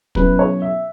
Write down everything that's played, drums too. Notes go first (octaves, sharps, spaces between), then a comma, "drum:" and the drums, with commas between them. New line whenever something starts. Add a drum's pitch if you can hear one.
B2 F#3 C#4 E4 B4, drum: kick
C#5
E5